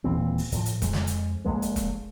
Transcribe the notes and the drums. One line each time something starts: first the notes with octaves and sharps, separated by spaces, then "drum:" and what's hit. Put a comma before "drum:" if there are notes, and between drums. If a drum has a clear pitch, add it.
D#1 A#2 E3 C4
drum: open hi-hat
A2 F3, drum: hi-hat
drum: hi-hat
F2 G#3, drum: kick E1, hi-hat
drum: snare
drum: hi-hat
F1 E2 G#3 A#3
drum: hi-hat
drum: kick E1, hi-hat